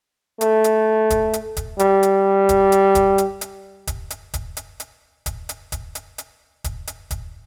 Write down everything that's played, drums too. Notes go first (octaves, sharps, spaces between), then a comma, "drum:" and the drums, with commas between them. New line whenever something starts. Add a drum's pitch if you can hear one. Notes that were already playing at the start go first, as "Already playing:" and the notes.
A3, drum: hi-hat
drum: hi-hat
drum: kick, hi-hat
drum: hi-hat
drum: kick, hi-hat
G3, drum: hi-hat
drum: hi-hat
drum: kick, hi-hat
drum: hi-hat
drum: kick, hi-hat
drum: hi-hat
drum: hi-hat
drum: kick, hi-hat
drum: hi-hat
drum: kick, hi-hat
drum: hi-hat
drum: hi-hat
drum: kick, hi-hat
drum: hi-hat
drum: kick, hi-hat
drum: hi-hat
drum: hi-hat
drum: kick, hi-hat
drum: hi-hat
drum: kick, hi-hat